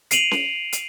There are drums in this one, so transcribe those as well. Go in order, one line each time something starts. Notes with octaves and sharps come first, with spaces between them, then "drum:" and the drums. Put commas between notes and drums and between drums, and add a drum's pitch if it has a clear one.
C7 D7 D#7 F7 F#7, drum: hi-hat
drum: snare C#4
drum: hi-hat